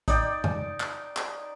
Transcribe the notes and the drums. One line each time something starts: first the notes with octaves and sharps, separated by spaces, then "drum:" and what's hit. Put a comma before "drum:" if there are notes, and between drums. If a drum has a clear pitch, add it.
D#4 D5 G5, drum: kick, hi-hat
drum: tom
drum: clap
drum: clap